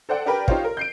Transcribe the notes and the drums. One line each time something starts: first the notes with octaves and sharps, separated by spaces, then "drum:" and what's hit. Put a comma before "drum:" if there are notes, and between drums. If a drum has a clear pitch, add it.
A4 C5 D5 F#5 G5
D4 G4 A#4 B4 D5 G5
D#4 F4 G4 C5 C#5 F5, drum: kick
A#4
G6 C7 D7